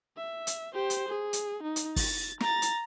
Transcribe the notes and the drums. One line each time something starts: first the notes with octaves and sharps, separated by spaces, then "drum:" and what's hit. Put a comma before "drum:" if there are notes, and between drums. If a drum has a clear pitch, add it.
E5
drum: hi-hat
G4 C5
drum: hi-hat
G#4
drum: hi-hat
D#4
drum: hi-hat
A6, drum: kick, open hi-hat
A#5 A6, drum: snare
drum: hi-hat